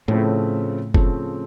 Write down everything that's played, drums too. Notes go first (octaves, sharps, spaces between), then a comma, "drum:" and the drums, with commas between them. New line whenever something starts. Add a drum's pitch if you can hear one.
A2 C#3 F3 A3 C4
C#3 F3 A3 C4, drum: kick